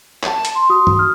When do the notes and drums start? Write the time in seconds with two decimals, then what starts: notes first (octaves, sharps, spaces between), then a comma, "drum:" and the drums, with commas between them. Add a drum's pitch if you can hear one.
0.24 A5, drum: clap
0.45 drum: hi-hat
0.55 C6
0.69 F#4 D#6
0.87 drum: tom
0.96 D#6 F6